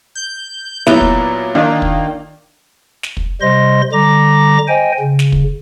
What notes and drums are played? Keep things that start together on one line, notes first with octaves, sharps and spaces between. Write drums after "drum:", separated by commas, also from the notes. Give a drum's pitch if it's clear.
G6
A#2 F#3 B3 E4 B4 A#5, drum: snare
drum: kick
D#3 A#3 D4 F4
drum: kick
drum: snare
drum: kick
C3 G3 C5 D#5 C6 A#6
D3 G3 A#5 D6 A#6
C5 D#5 G5 G#5
C#3
drum: snare
drum: kick